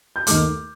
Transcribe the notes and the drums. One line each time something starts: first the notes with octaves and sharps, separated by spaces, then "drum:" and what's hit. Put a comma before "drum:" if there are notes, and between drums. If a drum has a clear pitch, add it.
G6
D#2 D#3 A3 D6 F6, drum: hi-hat